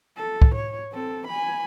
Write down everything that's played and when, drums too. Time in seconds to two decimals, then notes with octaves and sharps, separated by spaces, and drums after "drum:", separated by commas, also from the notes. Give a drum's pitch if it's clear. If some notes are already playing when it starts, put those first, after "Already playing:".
0.17 A4
0.42 drum: kick
0.55 C#5
0.93 C4 A4
1.28 G#5 B5